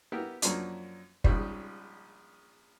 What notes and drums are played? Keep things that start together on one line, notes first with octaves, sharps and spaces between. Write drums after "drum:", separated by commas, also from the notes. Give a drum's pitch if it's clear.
B3 E4 G4 A#4
F#2 F3 A#3 C#4 D4, drum: hi-hat
A#1 G#2 C#3 F3 G3, drum: kick